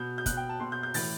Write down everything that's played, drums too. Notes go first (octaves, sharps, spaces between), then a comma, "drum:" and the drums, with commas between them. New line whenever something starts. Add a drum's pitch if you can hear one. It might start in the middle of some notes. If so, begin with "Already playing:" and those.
Already playing: B2 G6
G6
B2 F#6, drum: kick, hi-hat
G5
A5
B2 C6
G6
G6
A2 E3 A6, drum: open hi-hat